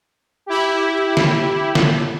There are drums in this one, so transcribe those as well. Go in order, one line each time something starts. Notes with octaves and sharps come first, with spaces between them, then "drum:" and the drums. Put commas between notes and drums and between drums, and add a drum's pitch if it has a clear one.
E4 G4
drum: snare
drum: snare